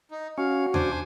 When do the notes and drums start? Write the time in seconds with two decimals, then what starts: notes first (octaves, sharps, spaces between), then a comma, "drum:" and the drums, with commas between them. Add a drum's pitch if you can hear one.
0.11 D#4
0.38 C#4 F#4 F5
0.74 D4 C5 G#5, drum: tom D#2